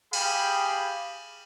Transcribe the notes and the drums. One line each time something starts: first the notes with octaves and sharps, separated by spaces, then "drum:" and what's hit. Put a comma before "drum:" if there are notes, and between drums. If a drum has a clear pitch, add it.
G4 G#4 F5 G5 B5, drum: cymbal